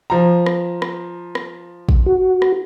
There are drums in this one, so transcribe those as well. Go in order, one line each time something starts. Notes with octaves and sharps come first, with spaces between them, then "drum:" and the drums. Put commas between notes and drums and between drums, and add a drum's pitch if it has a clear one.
F3 A#5
drum: rim click
drum: rim click
drum: rim click
drum: kick
F#4
drum: rim click